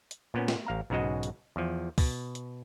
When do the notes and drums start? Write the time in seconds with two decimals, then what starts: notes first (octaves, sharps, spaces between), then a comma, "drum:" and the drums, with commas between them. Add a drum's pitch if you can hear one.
0.11 drum: hi-hat
0.34 A#2 B3 C#4
0.48 drum: snare
0.67 A1 F5 A#5
0.90 B1 G#2 C#3 G#3 F#4 D#5
1.23 drum: hi-hat
1.56 E2 F3
1.98 B2, drum: kick, open hi-hat
2.35 drum: hi-hat